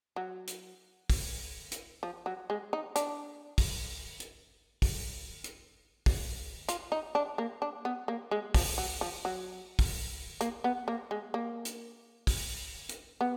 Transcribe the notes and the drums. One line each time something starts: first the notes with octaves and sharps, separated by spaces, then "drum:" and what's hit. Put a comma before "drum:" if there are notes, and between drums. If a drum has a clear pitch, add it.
F#3
drum: hi-hat
drum: kick, open hi-hat
drum: hi-hat
F3
F#3
G#3
D#4
D4, drum: hi-hat
drum: kick, open hi-hat
drum: hi-hat
drum: kick, open hi-hat
drum: hi-hat
drum: kick, open hi-hat
F4, drum: hi-hat
D#4
D4
A#3
D4
B3
A#3
G#3
F3, drum: kick, open hi-hat
F#3
F3
F#3
drum: kick, open hi-hat
A#3, drum: hi-hat
B3
A#3
G#3
A#3
drum: hi-hat
drum: kick, open hi-hat
drum: hi-hat
B3